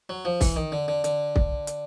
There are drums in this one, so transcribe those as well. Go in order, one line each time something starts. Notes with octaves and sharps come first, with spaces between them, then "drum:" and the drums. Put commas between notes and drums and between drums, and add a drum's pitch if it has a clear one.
F#3
F3
E3, drum: kick, open hi-hat
D#3
D3
D3
D3, drum: hi-hat
drum: kick
drum: hi-hat